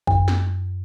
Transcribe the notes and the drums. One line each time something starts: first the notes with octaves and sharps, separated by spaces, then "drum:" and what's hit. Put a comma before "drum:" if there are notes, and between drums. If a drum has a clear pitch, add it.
F#2, drum: kick
drum: snare